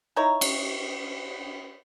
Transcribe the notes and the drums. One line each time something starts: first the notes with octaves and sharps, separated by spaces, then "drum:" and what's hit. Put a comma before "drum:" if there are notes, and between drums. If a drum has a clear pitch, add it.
D#4 E4 C#5 A#5
drum: cymbal